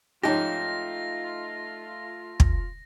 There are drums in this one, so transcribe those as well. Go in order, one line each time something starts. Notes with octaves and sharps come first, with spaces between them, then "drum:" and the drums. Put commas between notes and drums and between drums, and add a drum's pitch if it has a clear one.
G#2 F3 A3 C#4 D#4 F4 G4 A#6
drum: kick